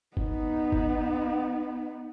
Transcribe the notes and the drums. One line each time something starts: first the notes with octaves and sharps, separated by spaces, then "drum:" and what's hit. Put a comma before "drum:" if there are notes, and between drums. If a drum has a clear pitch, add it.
B3 D#4, drum: kick
drum: kick